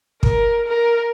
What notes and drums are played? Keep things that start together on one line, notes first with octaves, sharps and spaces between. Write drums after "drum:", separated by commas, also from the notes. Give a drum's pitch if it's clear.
A#4, drum: kick
A#4